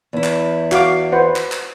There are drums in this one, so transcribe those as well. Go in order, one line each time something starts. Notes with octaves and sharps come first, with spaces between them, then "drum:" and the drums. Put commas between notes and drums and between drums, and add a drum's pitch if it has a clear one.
E2 E4
drum: clap
F#4 F5 D6, drum: clap
B4 C5 F#5
drum: clap
drum: clap